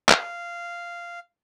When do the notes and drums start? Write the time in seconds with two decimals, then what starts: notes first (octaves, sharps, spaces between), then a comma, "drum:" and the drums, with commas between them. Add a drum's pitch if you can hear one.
0.09 F5, drum: clap